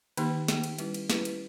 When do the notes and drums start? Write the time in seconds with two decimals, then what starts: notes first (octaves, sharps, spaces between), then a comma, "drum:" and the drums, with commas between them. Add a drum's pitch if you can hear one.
0.17 D#3 A#3 D#4 G4, drum: cymbal
0.48 D#3 A#3 D#4 G4, drum: snare
0.64 drum: cymbal
0.79 G3 C#4 E4 G4 B4, drum: cymbal
0.94 drum: cymbal
1.10 G3 C#4 E4 G4 B4, drum: snare
1.25 drum: cymbal